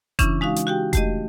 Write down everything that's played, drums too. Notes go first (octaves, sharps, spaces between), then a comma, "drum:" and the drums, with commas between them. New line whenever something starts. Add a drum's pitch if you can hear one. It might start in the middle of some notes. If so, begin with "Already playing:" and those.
C#3 E3 C#4 D4 E4, drum: kick F1, hi-hat
G#3 D#4 F#4 F5
drum: hi-hat
F#4 G4 G5
A3 G4 D#5, drum: kick F1, hi-hat